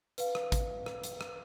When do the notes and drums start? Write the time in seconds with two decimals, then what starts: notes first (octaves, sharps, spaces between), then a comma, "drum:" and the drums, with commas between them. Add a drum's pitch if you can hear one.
0.18 B4 F5, drum: hi-hat
0.35 drum: rim click
0.52 drum: kick, hi-hat
0.86 drum: rim click
1.04 drum: hi-hat
1.21 drum: rim click